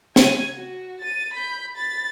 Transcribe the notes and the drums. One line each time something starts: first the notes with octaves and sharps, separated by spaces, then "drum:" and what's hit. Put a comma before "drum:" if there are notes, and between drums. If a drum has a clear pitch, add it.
G#6 D#7, drum: snare
F#4
A6 D#7
B5 G6
B5 A6